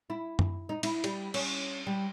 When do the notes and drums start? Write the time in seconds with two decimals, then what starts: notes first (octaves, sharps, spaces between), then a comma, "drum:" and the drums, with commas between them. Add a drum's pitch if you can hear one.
0.10 E4
0.39 drum: tom F#2
0.69 D#4
0.83 E4, drum: cymbal
1.04 G3, drum: cymbal
1.34 C#4, drum: cymbal
1.87 G3